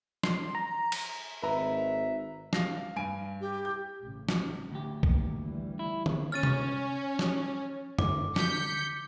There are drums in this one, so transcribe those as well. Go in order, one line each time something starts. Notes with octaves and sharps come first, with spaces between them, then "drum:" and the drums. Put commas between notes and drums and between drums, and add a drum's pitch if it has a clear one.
C6, drum: snare
A#5
drum: cymbal
G#1 B4 E5 A#5
F5 A#6 C7, drum: snare
F5
G2 G#5 D7
G4
G6
A1 C#3
drum: snare
D2 G4
D#3 A#3, drum: kick A#1
E3 G3
E4
drum: tom D3
C#4 F6 A6 D#7
drum: tom C3
drum: snare
D3 D6, drum: tom F#2
G6 B6 C#7, drum: snare